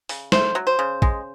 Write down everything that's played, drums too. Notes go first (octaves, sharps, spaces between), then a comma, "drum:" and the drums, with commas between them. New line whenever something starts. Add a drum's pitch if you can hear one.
C#3, drum: open hi-hat
A3 C5, drum: snare
F#3
C5
C#3
G#3, drum: kick